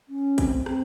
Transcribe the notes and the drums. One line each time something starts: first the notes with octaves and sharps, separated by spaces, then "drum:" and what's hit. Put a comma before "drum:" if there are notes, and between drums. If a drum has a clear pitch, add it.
C#4
C4, drum: kick, hi-hat
C4, drum: rim click